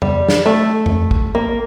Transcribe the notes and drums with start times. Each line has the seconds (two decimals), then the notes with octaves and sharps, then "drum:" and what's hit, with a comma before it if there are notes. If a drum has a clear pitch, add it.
0.02 G3, drum: tom F2
0.29 drum: snare
0.46 A3
0.86 drum: tom F2
1.11 drum: kick
1.35 A#3